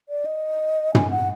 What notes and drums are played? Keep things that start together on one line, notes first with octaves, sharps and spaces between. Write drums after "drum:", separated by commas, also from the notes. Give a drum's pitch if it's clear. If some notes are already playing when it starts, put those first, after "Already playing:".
D5
D#5
G#5, drum: tom
F#5